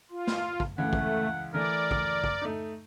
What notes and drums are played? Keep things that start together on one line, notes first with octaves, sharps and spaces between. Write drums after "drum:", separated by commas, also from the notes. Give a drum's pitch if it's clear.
F4
drum: snare
drum: kick
C#2 E3 A3 F#5
drum: kick
E3 A3 A#4 D5
drum: kick
drum: kick
A3 D#4